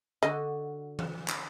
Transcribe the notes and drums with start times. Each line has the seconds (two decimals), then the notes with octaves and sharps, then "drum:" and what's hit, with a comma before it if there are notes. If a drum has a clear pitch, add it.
0.23 D3 F#4 D#5
0.99 drum: tom E3
1.28 drum: clap